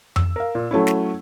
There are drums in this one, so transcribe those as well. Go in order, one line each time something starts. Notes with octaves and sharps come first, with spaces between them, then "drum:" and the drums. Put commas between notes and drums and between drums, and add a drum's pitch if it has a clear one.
E6, drum: tom F2
A#4 F5
A#2
F#3 A3 C#4 E4
drum: snare